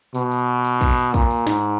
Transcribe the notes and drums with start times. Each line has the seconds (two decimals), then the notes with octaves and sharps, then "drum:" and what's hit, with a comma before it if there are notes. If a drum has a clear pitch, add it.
0.15 B2, drum: tambourine
0.32 drum: tambourine
0.65 drum: tambourine
0.81 drum: kick, tambourine
0.98 drum: tambourine
1.14 A#2, drum: kick, tambourine
1.31 drum: tambourine
1.47 G#2, drum: snare